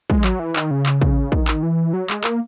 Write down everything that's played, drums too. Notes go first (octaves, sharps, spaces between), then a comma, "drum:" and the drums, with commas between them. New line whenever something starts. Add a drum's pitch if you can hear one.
G#3, drum: kick
F#3, drum: clap
E3
D#3, drum: clap
C#3
drum: clap
drum: kick
D#3, drum: kick
drum: clap
E3
F#3
G#3, drum: clap
A#3, drum: clap